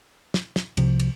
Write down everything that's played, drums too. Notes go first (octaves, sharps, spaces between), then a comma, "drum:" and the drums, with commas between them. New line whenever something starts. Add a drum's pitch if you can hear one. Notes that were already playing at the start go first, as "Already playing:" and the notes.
drum: snare
drum: snare
C2 C3 F3, drum: cymbal
drum: cymbal